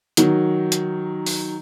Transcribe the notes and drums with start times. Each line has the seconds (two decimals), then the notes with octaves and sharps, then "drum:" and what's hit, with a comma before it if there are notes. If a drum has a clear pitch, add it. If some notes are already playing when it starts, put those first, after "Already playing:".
0.17 D#3 F#3, drum: hi-hat
0.72 drum: hi-hat
1.26 drum: open hi-hat